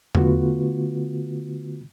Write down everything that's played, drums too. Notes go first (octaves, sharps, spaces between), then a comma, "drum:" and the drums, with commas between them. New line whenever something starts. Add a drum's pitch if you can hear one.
D3 A3 B3 F4 F#4 B4, drum: tom E2